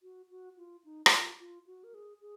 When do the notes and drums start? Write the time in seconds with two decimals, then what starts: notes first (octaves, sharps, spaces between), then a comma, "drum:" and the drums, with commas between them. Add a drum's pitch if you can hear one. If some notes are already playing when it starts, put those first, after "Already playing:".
0.03 F#4
0.30 F#4
0.57 F4
0.85 D#4
1.06 D#4, drum: rim click
1.12 F4
1.39 F4
1.66 F#4
1.84 A#4
1.94 G#4
2.21 G#4